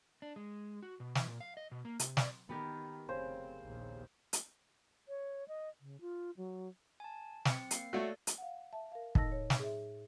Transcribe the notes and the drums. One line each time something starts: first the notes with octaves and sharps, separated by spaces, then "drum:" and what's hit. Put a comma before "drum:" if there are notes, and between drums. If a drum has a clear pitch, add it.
D4
G#3
F#4
B2
E3, drum: snare
A#2
F5
D#5
B2
A#3
C3, drum: hi-hat
D5, drum: snare
D#3 B3 G4 A#4
F1 C#3 C4 C5
A#1 D#2
drum: hi-hat
C#5
D#5
C#3
F4
F#3
G#5 A5
C4 C#7, drum: snare
A#3 C7, drum: hi-hat
A3 F#4 A4 C#5 D5
drum: hi-hat
F5 F#5
E5 A5
A#4 F5
A2 D#4 D#5 A5 E6 A#6, drum: kick
C#5
drum: snare
G#4 E5